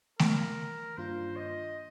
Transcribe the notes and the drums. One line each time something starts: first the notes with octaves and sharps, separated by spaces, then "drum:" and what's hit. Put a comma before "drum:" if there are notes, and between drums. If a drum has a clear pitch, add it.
A#4, drum: snare A3
G2 D#3 A#3 D4 F4 C5
D#5